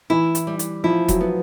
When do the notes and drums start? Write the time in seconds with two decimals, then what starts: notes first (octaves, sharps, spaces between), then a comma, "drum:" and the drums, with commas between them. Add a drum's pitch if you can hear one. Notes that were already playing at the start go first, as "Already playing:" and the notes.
0.10 E3 E4
0.35 drum: hi-hat
0.47 G3
0.59 drum: hi-hat
0.84 F3 E4
1.08 F#3, drum: kick E1, hi-hat
1.21 B3